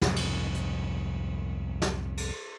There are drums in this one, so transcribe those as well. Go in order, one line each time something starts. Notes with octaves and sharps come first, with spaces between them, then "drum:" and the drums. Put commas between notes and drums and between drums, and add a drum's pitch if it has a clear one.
C2 F2 G#2 B2, drum: snare
drum: cymbal
drum: hi-hat
drum: snare
drum: cymbal